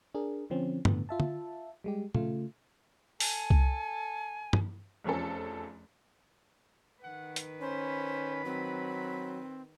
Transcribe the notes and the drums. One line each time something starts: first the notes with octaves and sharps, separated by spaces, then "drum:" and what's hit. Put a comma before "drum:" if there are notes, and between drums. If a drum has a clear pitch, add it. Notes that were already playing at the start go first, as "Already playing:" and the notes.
D4 G#4 A#4
D3 F3 C4 C#4
A2 D3 B3, drum: tom
F4 E5 A5
drum: tom
G3 G#3 G4
C#3 A3 F4, drum: tom A#2
A4 G#5, drum: open hi-hat
drum: kick C2
drum: tom
F1 E2 F3 C#4 A4
D#3 B4 F#5
drum: hi-hat
C#4 C5 B5
F#3 C4